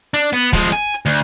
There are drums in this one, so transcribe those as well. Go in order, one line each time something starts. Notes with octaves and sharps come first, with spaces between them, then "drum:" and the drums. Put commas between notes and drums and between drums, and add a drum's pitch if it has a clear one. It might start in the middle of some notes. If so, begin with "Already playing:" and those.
D4
B3
F3 G#3, drum: kick, hi-hat
G#5, drum: hi-hat
drum: hi-hat
D2